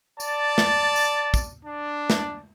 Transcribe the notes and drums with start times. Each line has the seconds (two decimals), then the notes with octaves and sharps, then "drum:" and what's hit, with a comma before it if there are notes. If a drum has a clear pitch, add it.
0.20 D5 A5, drum: tambourine
0.58 drum: snare
0.96 drum: tambourine
1.34 drum: kick, tambourine
1.65 D4
2.10 drum: snare